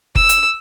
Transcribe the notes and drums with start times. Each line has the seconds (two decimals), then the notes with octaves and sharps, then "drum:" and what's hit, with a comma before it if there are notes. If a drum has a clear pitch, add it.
0.15 E6, drum: kick F#1
0.29 drum: hi-hat